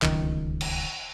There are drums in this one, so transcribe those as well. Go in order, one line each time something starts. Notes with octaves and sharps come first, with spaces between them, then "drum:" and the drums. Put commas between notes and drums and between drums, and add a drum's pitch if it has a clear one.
D1 C#2 D#3, drum: clap
drum: cymbal